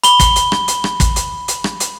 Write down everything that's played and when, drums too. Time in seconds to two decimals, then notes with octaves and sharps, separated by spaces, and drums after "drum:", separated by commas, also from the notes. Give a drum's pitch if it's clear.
0.04 B5 G7, drum: hi-hat
0.20 drum: kick, hi-hat
0.36 drum: hi-hat
0.52 drum: rim click
0.68 drum: hi-hat
0.84 drum: rim click
1.00 drum: kick, hi-hat
1.16 drum: hi-hat
1.48 drum: hi-hat
1.64 drum: rim click
1.80 drum: hi-hat